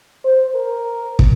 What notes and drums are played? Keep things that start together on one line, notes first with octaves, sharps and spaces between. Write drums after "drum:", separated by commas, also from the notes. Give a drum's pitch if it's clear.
C5
A#4
drum: kick